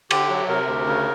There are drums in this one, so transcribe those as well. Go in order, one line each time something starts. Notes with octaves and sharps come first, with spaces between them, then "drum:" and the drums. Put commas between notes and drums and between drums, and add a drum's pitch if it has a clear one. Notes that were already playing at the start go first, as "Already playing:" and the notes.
D3 G4, drum: cymbal
F#3
C3 A#4
D2
C#3